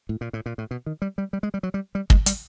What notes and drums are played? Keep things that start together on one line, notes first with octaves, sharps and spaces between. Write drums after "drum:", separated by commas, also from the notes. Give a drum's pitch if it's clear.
A2
A#2
A2
A#2
A2
B2
D#3
G3
G3
G3
G#3
G3
F#3
G3
G3
G#3, drum: kick
G3, drum: hi-hat